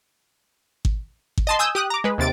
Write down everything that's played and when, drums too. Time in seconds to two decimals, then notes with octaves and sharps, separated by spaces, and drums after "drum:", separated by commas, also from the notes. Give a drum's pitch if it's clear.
0.85 drum: kick G#1
1.38 drum: kick G#1
1.47 D#5 A5 C6
1.59 G#5 D#6 E6 G6
1.75 G4 D#6 F#6
1.90 A#5 D6
2.04 G#3 B4
2.18 D#2 C3 A6 D7